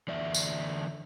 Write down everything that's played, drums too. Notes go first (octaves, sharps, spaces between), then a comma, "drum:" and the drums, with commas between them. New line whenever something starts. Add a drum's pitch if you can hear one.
D3 E3 D5 E5
drum: tambourine